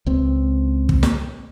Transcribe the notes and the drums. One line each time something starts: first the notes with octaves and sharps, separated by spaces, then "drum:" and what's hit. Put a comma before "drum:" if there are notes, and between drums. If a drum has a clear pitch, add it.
C#2 C4
drum: kick
drum: snare